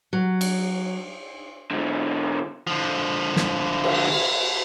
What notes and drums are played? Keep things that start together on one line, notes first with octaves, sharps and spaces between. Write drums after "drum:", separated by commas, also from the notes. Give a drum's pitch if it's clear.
F#3
drum: cymbal
G#2 D3
D3 F3
drum: snare
drum: cymbal